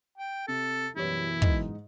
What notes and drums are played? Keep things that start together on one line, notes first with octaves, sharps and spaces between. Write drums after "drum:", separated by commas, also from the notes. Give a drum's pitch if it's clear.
G5
C3 A4
F#2 B2 E3 G3 E4 C#5
G#2 D#4, drum: kick